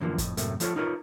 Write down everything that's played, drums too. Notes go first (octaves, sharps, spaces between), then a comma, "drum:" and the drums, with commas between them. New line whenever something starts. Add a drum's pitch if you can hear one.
F#2 D3 E3 F3 A#3
F2 A2, drum: kick, hi-hat
F#2 A2 C3 A3 A#3, drum: hi-hat
F3 A3 F4 A4 C5 C#5, drum: hi-hat
D#4 F4 A#4 B4 C#5